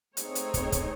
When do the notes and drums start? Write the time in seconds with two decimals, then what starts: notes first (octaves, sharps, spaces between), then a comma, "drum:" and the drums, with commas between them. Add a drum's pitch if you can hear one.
0.17 A3 C4 D#4 G#4 C#5, drum: hi-hat
0.35 drum: hi-hat
0.54 drum: kick, hi-hat
0.72 drum: kick, hi-hat